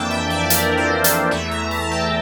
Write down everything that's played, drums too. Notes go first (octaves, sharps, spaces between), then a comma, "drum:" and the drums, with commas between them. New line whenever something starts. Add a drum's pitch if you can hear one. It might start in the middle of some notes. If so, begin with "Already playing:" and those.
Already playing: F2 E3 A#3 D4 G5 A5
E5
D5
A#4, drum: hi-hat
C5
drum: hi-hat
E2 E3 A3 E5
A#5
A5
G5